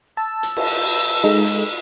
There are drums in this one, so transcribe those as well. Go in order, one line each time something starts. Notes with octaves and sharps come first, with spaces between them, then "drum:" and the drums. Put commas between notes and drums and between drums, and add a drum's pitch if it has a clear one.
A5 E6
drum: hi-hat
drum: cymbal
G#3 D#4 A4
drum: hi-hat